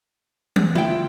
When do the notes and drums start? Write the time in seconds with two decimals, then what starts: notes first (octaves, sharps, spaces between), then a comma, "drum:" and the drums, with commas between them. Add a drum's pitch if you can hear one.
0.56 drum: tom
0.75 E4 F4 G5, drum: tom